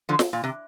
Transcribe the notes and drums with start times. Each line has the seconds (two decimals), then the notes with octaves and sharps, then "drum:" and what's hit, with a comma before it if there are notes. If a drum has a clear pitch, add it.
0.09 D3 F3
0.19 drum: snare
0.33 A#2
0.44 C3